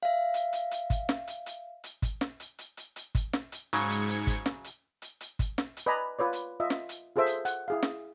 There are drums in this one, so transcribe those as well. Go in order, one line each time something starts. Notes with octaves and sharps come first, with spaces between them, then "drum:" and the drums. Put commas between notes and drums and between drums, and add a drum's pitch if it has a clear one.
E5 F5
drum: hi-hat
drum: hi-hat
drum: hi-hat
drum: kick, hi-hat
drum: snare
drum: hi-hat
drum: hi-hat
drum: hi-hat
drum: kick, hi-hat
drum: snare
drum: hi-hat
drum: hi-hat
drum: hi-hat
drum: hi-hat
drum: kick, hi-hat
drum: snare
drum: hi-hat
G#2 C#3 F#3 G#6 C#7, drum: hi-hat
drum: hi-hat
drum: hi-hat
drum: kick, hi-hat
drum: snare
drum: hi-hat
drum: hi-hat
drum: hi-hat
drum: kick, hi-hat
drum: snare
drum: hi-hat
B4 D5 D#5 G#5 A#5 B5
F4 B4 C#5 D5
drum: hi-hat
F4 D#5 E5
drum: snare
drum: hi-hat
F4 G#4 A4 C5 E5
drum: hi-hat
F#5, drum: hi-hat
E4 G#4 F5
drum: snare